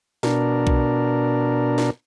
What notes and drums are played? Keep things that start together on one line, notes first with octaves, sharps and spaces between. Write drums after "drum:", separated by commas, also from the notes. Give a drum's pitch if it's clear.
B2 D4 A#4, drum: snare
drum: kick B1
drum: snare